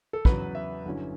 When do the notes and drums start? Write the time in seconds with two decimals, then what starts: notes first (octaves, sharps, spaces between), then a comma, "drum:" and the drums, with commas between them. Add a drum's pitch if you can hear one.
0.13 A4
0.25 E2 C#3 F#3 B4, drum: kick
0.55 E5
0.85 G1 G2 F#3 C#4 E4